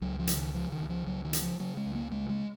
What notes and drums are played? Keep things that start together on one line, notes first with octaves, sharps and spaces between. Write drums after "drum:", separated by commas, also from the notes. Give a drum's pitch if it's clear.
C#2 F#3
F3
C#3, drum: hi-hat
D#3
C#3 F3
D#3
C#2
F3
C#2 F#3
D#3
C#3, drum: hi-hat
F3
C#3 F#3
G#3
C#2
A#3
C#3 G#3
G#3